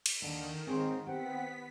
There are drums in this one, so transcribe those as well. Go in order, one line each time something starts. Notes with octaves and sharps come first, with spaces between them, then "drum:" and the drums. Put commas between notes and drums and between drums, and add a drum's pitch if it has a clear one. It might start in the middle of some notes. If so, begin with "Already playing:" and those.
drum: cymbal
D#2 D3 D#3
G#2 C4 G#4 C#5 G5
B3 C4 G4 F#5 B6